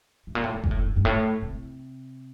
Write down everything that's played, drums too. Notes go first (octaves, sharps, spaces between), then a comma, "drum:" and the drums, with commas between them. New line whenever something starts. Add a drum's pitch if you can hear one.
A2
A#2
A2
A2
A#2, drum: kick F1
A2
G2
G2
A2
C3